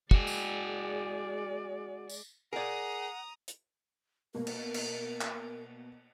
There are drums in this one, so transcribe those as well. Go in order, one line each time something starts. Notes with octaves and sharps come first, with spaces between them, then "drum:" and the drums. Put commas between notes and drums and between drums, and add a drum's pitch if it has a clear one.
G#3 F#4 G#4 D5, drum: kick
drum: tambourine
drum: tambourine
G#4 A#4 D5 F#5 A#5 D#6
drum: hi-hat
B2 A#3 A#4
drum: cymbal
drum: cymbal
drum: clap